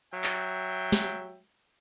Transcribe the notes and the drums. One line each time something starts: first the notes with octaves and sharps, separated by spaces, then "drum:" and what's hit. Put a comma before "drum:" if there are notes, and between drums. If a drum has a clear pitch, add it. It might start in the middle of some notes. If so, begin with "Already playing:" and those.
F#3 E5 G5
drum: clap
drum: snare